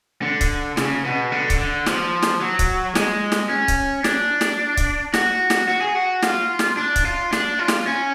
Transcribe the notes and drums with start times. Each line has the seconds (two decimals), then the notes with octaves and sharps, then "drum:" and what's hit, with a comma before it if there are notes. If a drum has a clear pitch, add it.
0.22 D3
0.41 drum: kick C#1, hi-hat
0.77 C#3, drum: snare
1.05 B2
1.32 D3
1.50 drum: kick C#1, hi-hat
1.59 D3
1.86 F3, drum: snare
2.23 drum: snare
2.41 F#3
2.59 drum: kick C#1, hi-hat
2.95 G#3, drum: snare
3.32 drum: snare
3.49 C#4
3.68 drum: kick C#1, hi-hat
4.04 D4, drum: snare
4.41 drum: snare
4.77 drum: kick C#1, hi-hat
5.14 F#4, drum: snare
5.50 drum: snare
5.68 F#4
5.81 G#4
5.95 F#4
6.23 F4, drum: snare
6.59 drum: snare
6.77 D4
6.96 drum: kick C#1, hi-hat
7.05 F4
7.33 D4, drum: snare
7.59 F4
7.68 drum: snare
7.87 C#4